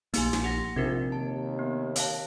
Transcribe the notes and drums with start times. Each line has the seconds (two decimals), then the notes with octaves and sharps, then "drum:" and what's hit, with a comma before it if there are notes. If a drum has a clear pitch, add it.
0.14 A#1 A#3 D#4 G4 G#5, drum: hi-hat
0.33 drum: snare
0.44 G4 F#5 A#6
0.76 A#1 C3 D#4 A#4 G#6
1.12 D#2 A5
1.59 B3
1.96 C#5 F5 A5, drum: hi-hat